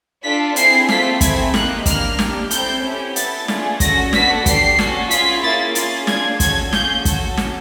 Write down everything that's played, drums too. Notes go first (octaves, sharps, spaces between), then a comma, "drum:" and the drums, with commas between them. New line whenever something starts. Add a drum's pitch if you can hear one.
D4 F4 A4 B6
C4 E4 G#4 C7, drum: hi-hat
A3 C4 F4 A4 B6, drum: snare
A3 C4 E4 G#4 G#6, drum: kick, hi-hat
A#3 D#4 G4 F#6, drum: snare
A#3 D4 G4 F6, drum: kick, hi-hat
D4 G4, drum: snare
C4 E4 A4 G6, drum: hi-hat
C#4 E4 G4
B3 E4 A4 A6, drum: hi-hat
A3 D4 F4 G#4, drum: snare
C#4 F#4 A4 A#6, drum: kick, hi-hat
B3 D4 F#4 A4 B6, drum: snare
D4 G4 C7, drum: kick, hi-hat
C#4 F#4 A4, drum: snare
C#4 F4 G#4 B6, drum: hi-hat
A#3 C#4 E4 A6
C#4 F4 G#4 A6, drum: hi-hat
D4 F4 G#4 G#6, drum: snare
C#4 F#4 A4 G#6, drum: kick, hi-hat
C#4 F4 G#4 G6, drum: snare
C#4 F#4 A4, drum: kick, hi-hat
drum: snare